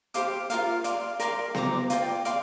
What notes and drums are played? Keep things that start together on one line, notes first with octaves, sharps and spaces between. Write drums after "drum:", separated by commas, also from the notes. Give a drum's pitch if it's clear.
G4 C5 F5 D6, drum: hi-hat
F4 A#4 F5, drum: hi-hat
D5 F5 C6, drum: hi-hat
A#4 D5 F5 C6, drum: hi-hat
C5 A#5 D6, drum: snare B3
F4 D5 G5, drum: hi-hat
D5 F5 C6, drum: hi-hat